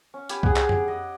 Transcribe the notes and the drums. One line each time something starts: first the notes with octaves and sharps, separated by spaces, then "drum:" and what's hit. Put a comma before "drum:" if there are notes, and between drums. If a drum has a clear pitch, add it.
C#4
G4 G#5 B5, drum: hi-hat
G4 G#4 F#5, drum: kick C2
drum: clap
drum: tom F2
D#5